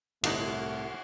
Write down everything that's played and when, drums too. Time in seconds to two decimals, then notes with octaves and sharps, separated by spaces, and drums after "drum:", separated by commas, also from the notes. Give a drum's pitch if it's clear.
0.24 G1 C2 A2 A3 D4 D#4 F#4, drum: cymbal